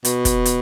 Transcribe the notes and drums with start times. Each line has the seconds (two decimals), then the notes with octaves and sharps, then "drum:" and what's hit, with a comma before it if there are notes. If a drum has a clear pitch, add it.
0.05 B2, drum: hi-hat
0.25 drum: kick, hi-hat
0.45 drum: hi-hat